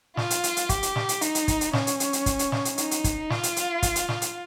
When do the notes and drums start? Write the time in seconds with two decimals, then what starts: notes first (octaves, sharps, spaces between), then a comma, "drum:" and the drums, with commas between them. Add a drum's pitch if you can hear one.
0.17 F4, drum: snare
0.30 drum: hi-hat
0.43 drum: hi-hat
0.57 drum: hi-hat
0.69 G4, drum: kick, hi-hat
0.83 drum: hi-hat
0.96 drum: snare
1.09 drum: hi-hat
1.21 D#4, drum: hi-hat
1.35 drum: hi-hat
1.48 drum: kick, hi-hat
1.61 drum: hi-hat
1.73 C#4, drum: snare
1.87 drum: hi-hat
2.00 drum: hi-hat
2.13 drum: hi-hat
2.26 drum: kick, hi-hat
2.39 drum: hi-hat
2.52 drum: snare
2.65 drum: hi-hat
2.78 D#4, drum: hi-hat
2.91 drum: hi-hat
3.04 drum: kick, hi-hat
3.30 F4, drum: snare
3.43 drum: hi-hat
3.56 drum: hi-hat
3.83 drum: kick, hi-hat
3.96 drum: hi-hat
4.09 drum: snare
4.22 drum: hi-hat